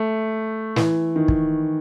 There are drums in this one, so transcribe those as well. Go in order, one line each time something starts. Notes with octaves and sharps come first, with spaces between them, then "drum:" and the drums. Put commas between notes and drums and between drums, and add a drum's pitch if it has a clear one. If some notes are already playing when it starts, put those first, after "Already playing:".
Already playing: A3
E3, drum: snare
D#3
drum: kick